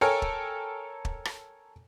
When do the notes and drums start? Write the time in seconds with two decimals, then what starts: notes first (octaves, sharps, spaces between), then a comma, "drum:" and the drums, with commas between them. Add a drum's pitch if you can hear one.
0.01 A4 A#4 C#5 G5 G#5
0.22 drum: kick
1.05 drum: kick
1.25 drum: rim click